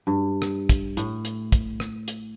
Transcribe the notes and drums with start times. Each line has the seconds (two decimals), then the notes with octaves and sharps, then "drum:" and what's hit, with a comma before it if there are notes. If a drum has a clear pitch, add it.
0.07 G2
0.42 drum: rim click
0.69 drum: kick, hi-hat
0.97 A2, drum: hi-hat
1.25 drum: hi-hat
1.52 drum: kick, hi-hat
1.80 drum: rim click
2.08 drum: hi-hat